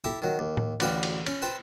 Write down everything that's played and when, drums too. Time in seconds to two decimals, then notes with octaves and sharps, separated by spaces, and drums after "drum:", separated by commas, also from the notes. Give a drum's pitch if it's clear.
0.04 E4 G4 A4 A5 A#5
0.22 D#3 F#3
0.39 D#2
0.57 drum: tom A2
0.80 A1 D2 F#4 B4 F5 G5, drum: cymbal
1.03 drum: cymbal
1.26 C#4, drum: cymbal
1.42 B4 C5 G5 A5